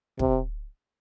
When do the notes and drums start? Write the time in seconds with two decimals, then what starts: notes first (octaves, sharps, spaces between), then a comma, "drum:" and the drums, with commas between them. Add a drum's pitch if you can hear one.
0.19 C3, drum: kick